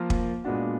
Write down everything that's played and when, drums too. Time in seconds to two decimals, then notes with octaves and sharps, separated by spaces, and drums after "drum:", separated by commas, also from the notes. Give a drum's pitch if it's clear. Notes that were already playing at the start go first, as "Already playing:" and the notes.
Already playing: F3 A#3 F4 A#4
0.10 drum: kick
0.44 A#2 G#3 B3 D4 F#4